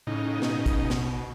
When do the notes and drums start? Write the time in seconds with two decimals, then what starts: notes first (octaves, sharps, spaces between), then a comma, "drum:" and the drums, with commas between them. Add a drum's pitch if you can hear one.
0.07 A2 C#3 D#4
0.42 B2, drum: snare
0.66 drum: kick, hi-hat
0.90 drum: snare